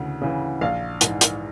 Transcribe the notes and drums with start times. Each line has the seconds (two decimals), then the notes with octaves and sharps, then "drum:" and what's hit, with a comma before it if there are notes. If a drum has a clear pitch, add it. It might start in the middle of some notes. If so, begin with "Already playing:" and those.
Already playing: D2 C#3 E3
0.22 C#3 E3
0.61 A#1 F5
1.01 G#2 E3, drum: hi-hat
1.21 drum: hi-hat